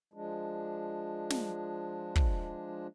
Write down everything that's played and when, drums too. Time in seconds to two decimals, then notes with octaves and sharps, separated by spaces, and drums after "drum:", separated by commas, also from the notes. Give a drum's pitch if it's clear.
0.14 F3 G#3 D4
1.30 drum: snare
2.16 drum: kick